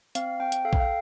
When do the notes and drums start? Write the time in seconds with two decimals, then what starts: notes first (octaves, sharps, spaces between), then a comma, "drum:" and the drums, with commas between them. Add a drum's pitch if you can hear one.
0.15 C4 F5, drum: hi-hat
0.40 C4 G5
0.52 drum: hi-hat
0.65 A4 F5
0.73 G5, drum: kick A#1
0.80 F5